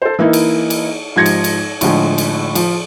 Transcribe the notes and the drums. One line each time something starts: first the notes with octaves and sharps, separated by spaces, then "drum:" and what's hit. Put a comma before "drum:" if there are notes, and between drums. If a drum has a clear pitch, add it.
A4 C5
E3 A#3 D#4 E4
drum: cymbal
drum: cymbal
G#2 F3 G4 G#6 A#6 C#7
drum: cymbal
drum: cymbal
A2 D3 F3 G#3, drum: cymbal
drum: cymbal
F3, drum: cymbal